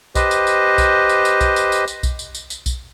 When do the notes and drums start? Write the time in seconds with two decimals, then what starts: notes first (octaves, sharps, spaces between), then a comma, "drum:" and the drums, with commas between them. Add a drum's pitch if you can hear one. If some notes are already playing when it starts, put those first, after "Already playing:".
0.15 G4 B4 C5 D#5, drum: kick B1, tambourine
0.31 drum: tambourine
0.47 drum: tambourine
0.78 drum: kick B1, tambourine
1.09 drum: tambourine
1.25 drum: tambourine
1.41 drum: kick B1, tambourine
1.56 drum: tambourine
1.72 drum: tambourine
1.88 drum: tambourine
2.03 drum: kick B1, tambourine
2.19 drum: tambourine
2.35 drum: tambourine
2.50 drum: tambourine
2.66 drum: kick B1, tambourine